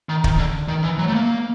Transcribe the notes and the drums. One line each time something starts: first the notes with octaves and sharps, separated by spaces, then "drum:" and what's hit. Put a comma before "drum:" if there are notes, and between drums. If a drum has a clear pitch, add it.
D#3
D#3, drum: kick
D3
D#3
E3
F#3
A3
A#3